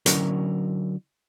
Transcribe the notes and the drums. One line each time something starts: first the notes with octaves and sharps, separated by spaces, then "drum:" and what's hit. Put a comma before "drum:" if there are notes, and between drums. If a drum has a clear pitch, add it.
D3 F#3 C#4 E4 A#4 A#5, drum: hi-hat